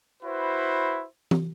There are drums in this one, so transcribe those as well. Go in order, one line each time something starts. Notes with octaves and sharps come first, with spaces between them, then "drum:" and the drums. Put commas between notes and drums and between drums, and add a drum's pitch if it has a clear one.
E4 F#4 B4 C5
drum: tom